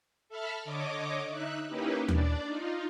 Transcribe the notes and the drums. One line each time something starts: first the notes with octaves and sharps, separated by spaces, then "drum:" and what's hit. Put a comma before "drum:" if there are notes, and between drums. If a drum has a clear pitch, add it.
A4 E5 A5 B5 F6
D3 C#5 D#5 D6
D#4 E5 F#6
A#3 C#4 D#4 E4 G4 B4
D4 D5, drum: tom D#2
D#4 F4